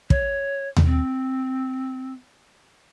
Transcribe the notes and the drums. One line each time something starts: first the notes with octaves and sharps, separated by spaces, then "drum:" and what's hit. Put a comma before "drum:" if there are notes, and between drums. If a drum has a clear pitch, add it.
C#5, drum: kick
drum: tom D#2
C4